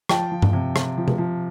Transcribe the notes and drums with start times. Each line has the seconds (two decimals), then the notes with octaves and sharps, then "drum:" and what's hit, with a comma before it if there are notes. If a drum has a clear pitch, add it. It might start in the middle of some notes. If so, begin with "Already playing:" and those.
0.09 F3 G5 A5, drum: rim click
0.31 F3
0.42 drum: tom G2
0.53 C3
0.76 C3, drum: rim click
0.97 F3
1.08 drum: tom C3
1.18 F3